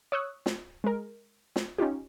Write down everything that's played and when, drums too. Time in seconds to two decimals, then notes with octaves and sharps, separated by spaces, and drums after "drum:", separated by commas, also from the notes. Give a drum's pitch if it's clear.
0.12 C#5 C#6 D#6 E6 F#6
0.46 drum: snare
0.84 G#3 A#4
1.56 drum: snare
1.78 C#4 D#4 F4 G4